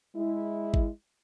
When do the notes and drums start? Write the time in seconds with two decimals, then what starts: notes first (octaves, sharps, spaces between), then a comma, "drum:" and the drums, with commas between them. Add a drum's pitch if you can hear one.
0.16 G#3 E4
0.74 drum: kick G#1